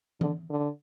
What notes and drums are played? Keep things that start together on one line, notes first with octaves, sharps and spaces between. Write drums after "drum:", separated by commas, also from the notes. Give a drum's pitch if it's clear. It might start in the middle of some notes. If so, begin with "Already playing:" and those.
D3, drum: tom E3
D3